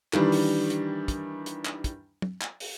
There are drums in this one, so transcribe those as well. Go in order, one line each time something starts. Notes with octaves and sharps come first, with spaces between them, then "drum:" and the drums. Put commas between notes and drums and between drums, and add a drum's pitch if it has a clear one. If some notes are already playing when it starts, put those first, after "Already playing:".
D#3 E3 G3 D4, drum: clap
drum: open hi-hat
drum: hi-hat
drum: kick, hi-hat
drum: hi-hat
drum: clap
drum: kick, hi-hat
drum: tom
drum: clap
drum: open hi-hat